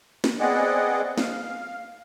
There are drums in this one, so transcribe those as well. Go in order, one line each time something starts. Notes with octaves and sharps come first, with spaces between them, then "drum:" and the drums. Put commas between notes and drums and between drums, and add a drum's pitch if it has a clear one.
drum: snare
B3 C4 G#4 D5 D#5 F#5
F5, drum: snare